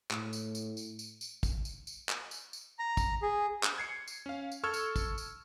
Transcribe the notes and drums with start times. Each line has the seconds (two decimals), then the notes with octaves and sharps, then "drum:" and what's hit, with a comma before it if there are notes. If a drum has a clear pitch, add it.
0.11 A2, drum: clap
0.33 drum: tambourine
0.55 drum: tambourine
0.77 drum: tambourine
0.99 drum: tambourine
1.21 drum: tambourine
1.43 drum: kick, tambourine
1.65 drum: tambourine
1.87 drum: tambourine
2.09 drum: clap
2.31 drum: tambourine
2.53 drum: tambourine
2.79 A#5
2.97 drum: kick, tambourine
3.22 G#4
3.63 drum: clap
3.78 G#6 C7 C#7
4.07 drum: tambourine
4.26 C#4 F5
4.52 drum: tambourine
4.64 A4 C#6 E6 F6 G#6
4.74 drum: tambourine
4.96 drum: kick, tambourine
5.18 drum: tambourine